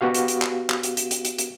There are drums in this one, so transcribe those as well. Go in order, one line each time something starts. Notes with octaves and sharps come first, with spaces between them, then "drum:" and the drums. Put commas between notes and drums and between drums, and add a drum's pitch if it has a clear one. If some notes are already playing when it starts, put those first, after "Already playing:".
B3 F#4 G4 F5
drum: hi-hat
drum: hi-hat
drum: clap
drum: clap
drum: hi-hat
drum: hi-hat
drum: hi-hat
drum: hi-hat
drum: hi-hat